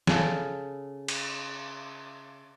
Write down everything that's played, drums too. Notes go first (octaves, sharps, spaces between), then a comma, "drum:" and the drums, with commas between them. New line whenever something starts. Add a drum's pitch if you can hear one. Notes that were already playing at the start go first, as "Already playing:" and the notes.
C#3 A4, drum: snare
drum: cymbal